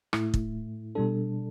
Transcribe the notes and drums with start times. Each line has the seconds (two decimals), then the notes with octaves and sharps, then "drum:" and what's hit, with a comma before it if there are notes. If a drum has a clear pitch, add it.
0.13 A2 A3 E4, drum: rim click
0.34 drum: kick
0.95 B2 G3 D4 A4